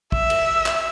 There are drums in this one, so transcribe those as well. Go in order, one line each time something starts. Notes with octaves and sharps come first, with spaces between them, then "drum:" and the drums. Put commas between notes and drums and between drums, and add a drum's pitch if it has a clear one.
E5, drum: kick
drum: cymbal
drum: clap